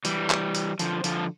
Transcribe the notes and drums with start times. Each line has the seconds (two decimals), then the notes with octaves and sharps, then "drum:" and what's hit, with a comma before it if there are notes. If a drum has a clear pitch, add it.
0.05 E3 G3, drum: hi-hat
0.30 drum: clap
0.55 drum: hi-hat
0.79 D3 F3, drum: hi-hat
1.04 D3 F3, drum: hi-hat